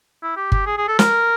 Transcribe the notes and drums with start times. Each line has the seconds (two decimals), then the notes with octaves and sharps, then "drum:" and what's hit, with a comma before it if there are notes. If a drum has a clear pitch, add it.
0.23 E4
0.36 G4
0.52 G4, drum: kick G1
0.66 G#4
0.78 G#4
0.88 A4
0.99 A#4, drum: snare